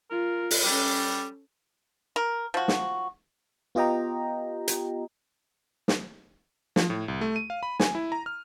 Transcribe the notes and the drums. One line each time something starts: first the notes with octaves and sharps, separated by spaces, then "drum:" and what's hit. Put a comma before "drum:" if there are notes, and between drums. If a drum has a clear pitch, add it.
F4 A#4
drum: open hi-hat
G3 C#4 A4
A#4
F3 F#4
drum: snare
B3 F4 G4 D#5 G5 A#5
drum: hi-hat
drum: snare
F3, drum: snare
A2
C2
A3
D#7
F5
B5
G#5, drum: snare
E4
A#5
F6